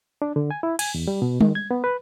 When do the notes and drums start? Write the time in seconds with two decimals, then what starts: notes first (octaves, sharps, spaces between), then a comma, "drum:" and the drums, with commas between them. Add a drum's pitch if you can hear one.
0.22 D4
0.36 D3
0.51 G#5
0.63 E4
0.79 G#5, drum: cymbal
0.94 E2
1.08 G3
1.22 B2
1.41 D#3, drum: tom G3
1.55 G#6
1.71 B3
1.84 B4